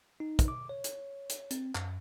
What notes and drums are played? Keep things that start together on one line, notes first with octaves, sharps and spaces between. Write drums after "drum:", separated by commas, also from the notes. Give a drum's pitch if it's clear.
D#4
drum: kick, hi-hat
D6
C#5
drum: hi-hat
drum: hi-hat
C4, drum: hi-hat
F#2, drum: clap